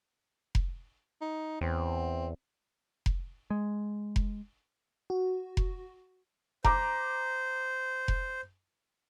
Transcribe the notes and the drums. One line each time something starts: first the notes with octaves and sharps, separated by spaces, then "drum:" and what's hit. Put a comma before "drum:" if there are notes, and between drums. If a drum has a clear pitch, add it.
drum: kick F1
D#4
E2 C4
drum: kick F1
G#3
drum: kick F1
F#4
drum: kick F1
C5 A#5 D6, drum: kick F1
drum: kick F1